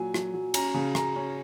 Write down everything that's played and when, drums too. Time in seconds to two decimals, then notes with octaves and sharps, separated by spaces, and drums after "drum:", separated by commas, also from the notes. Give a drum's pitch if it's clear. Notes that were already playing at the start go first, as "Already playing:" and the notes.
Already playing: A#2 F#3 G#5
0.14 F#3, drum: rim click
0.34 F#3
0.54 C#4 A#5, drum: cymbal
0.74 C#3
0.95 C#3 A#5, drum: rim click
1.16 C#4